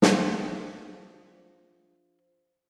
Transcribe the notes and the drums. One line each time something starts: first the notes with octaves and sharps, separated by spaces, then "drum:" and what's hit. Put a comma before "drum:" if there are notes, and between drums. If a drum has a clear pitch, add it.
F3 D4 G#4 E5 F#5, drum: snare